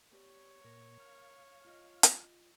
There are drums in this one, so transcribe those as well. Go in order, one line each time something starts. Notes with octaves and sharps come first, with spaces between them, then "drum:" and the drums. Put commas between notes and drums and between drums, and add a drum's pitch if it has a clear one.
B3 G4 C#5 D5
A#2 A#4
F5
F4 D#5 G5
drum: hi-hat